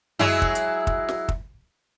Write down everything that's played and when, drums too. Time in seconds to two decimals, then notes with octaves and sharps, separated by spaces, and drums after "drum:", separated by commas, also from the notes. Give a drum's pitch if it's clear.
0.19 F#3 G#3 E4, drum: tom F#2
0.42 drum: kick
0.55 drum: hi-hat
0.87 drum: kick
1.09 drum: snare
1.29 drum: kick